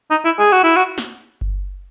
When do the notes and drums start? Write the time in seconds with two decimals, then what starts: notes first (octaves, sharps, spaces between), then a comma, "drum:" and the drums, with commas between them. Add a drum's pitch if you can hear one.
0.11 D#4
0.25 E4
0.39 G#4
0.52 F#4
0.64 E4
0.77 F#4
0.98 drum: snare
1.41 drum: kick F#1